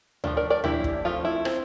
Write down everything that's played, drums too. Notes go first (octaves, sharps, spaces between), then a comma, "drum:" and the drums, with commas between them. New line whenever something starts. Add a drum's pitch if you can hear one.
F3 A3 D4 F4, drum: tom D2
A#4 D5
A#4 D5
E3 A#3 D4 E4 G4, drum: tom D2
drum: kick
F3 A3 C4 F4
E4
C4, drum: rim click